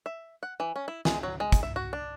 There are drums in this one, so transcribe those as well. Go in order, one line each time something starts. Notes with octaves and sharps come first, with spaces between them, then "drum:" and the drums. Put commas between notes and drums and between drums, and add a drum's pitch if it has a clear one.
E5
F#5
E3
C#4
E4
G#3, drum: snare
F#3
G#3
drum: kick, hi-hat
E5
F#4
D4